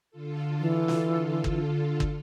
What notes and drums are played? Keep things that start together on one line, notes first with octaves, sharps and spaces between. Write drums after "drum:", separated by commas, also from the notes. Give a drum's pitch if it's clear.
D3 F4 A4
E3
drum: snare
drum: kick
drum: kick